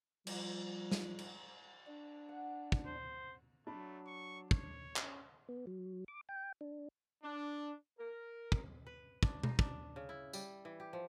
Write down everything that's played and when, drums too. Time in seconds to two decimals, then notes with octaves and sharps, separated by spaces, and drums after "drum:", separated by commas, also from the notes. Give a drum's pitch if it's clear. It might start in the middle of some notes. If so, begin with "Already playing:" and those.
0.27 F3 G3, drum: cymbal
0.91 drum: snare
1.19 drum: cymbal
1.87 D4
2.29 F#5
2.72 drum: kick
2.86 C5
3.67 F#3 A3 D4 B5
4.07 C#6
4.51 C#5, drum: kick
4.96 C#4, drum: clap
5.49 B3
5.67 F#3
6.08 D6
6.29 G5
6.61 D4
7.23 D4
7.98 A#4
8.52 drum: kick
8.86 B4
9.23 D4, drum: kick
9.43 D#4, drum: tom B2
9.59 D4, drum: kick
9.96 C#3
10.09 E4
10.33 G3, drum: tambourine
10.65 E3
10.80 G4
10.93 F3